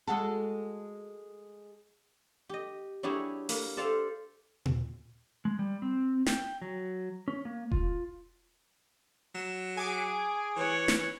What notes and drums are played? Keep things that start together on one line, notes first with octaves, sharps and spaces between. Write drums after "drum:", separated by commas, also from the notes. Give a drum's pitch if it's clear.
G#3 F#4 A4
G4 D#5
F#3 D4 E4 G4 G#4 C#5
A#3 B5, drum: open hi-hat
G4 A4 C5 D5 E5 F5
drum: tom A#2
G#3
G3
C4
G5, drum: snare
F#3
C#4
A#3
F4, drum: kick E1
F#3 E7
G#4 G#5 D6 D7
E3 C#5 F#5
drum: snare